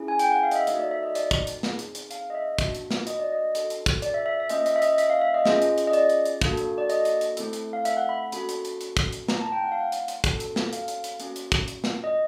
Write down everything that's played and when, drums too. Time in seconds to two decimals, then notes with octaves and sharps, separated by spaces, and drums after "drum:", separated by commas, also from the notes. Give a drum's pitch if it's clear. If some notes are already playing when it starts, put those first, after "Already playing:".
Already playing: C#4 E4 G#4
0.08 G#5
0.19 G5, drum: hi-hat
0.31 F#5
0.43 F5
0.51 D#5, drum: hi-hat
0.56 E5
0.67 A#3 D#4 F#4 A4, drum: hi-hat
0.79 D5
0.91 E5
1.03 D#5
1.15 D5, drum: hi-hat
1.31 drum: kick, hi-hat
1.47 drum: hi-hat
1.63 C4 D#4 G#4, drum: snare
1.79 drum: hi-hat
1.95 drum: hi-hat
2.11 F5, drum: hi-hat
2.30 D#5
2.35 E5
2.58 A#3 D4 F#4, drum: kick, hi-hat
2.75 drum: hi-hat
2.91 drum: snare
3.07 D#5, drum: hi-hat
3.19 D5
3.32 D#5
3.55 D4 F#4 A4, drum: hi-hat
3.70 drum: hi-hat
3.86 drum: kick, hi-hat
4.02 D5, drum: hi-hat
4.14 E5
4.26 E5
4.40 E5
4.49 A#3 C#4 F4 D#5, drum: hi-hat
4.66 D#5, drum: hi-hat
4.76 E5
4.82 D#5, drum: hi-hat
4.98 E5, drum: hi-hat
5.10 F5
5.22 E5
5.34 D#5
5.45 C#4 F4 G#4 D#5, drum: snare
5.62 drum: hi-hat
5.78 drum: hi-hat
5.87 D#5
5.93 D5, drum: hi-hat
6.10 drum: hi-hat
6.25 drum: hi-hat
6.41 A#3 D4 F#4 A4, drum: kick, hi-hat
6.57 drum: hi-hat
6.78 D5
6.90 D#5, drum: hi-hat
7.05 drum: hi-hat
7.21 drum: hi-hat
7.37 A3 C4 E4 A4, drum: hi-hat
7.53 drum: hi-hat
7.73 F5
7.85 E5, drum: hi-hat
7.97 F#5
8.09 B5
8.32 A#3 C#4 F#4 A4 B5, drum: hi-hat
8.49 drum: hi-hat
8.65 drum: hi-hat
8.81 drum: hi-hat
8.97 drum: kick, hi-hat
9.13 drum: hi-hat
9.28 A3 C4 E4 A#5, drum: snare
9.41 A5
9.52 G5
9.64 F#5
9.72 F5
9.80 F#5
9.92 drum: hi-hat
10.08 drum: hi-hat
10.24 A#3 C#4 F#4 A4, drum: kick, hi-hat
10.40 drum: hi-hat
10.56 drum: snare
10.73 F5, drum: hi-hat
10.88 drum: hi-hat
11.04 drum: hi-hat
11.20 A#3 C#4 F#4, drum: hi-hat
11.36 drum: hi-hat
11.52 drum: kick, hi-hat
11.68 drum: hi-hat
11.84 drum: snare
12.04 D#5